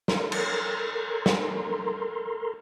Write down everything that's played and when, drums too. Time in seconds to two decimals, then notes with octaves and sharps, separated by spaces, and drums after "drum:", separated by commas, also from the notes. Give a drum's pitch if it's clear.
0.08 A4 A#4 A#5 C6, drum: snare
0.32 drum: cymbal
1.26 drum: snare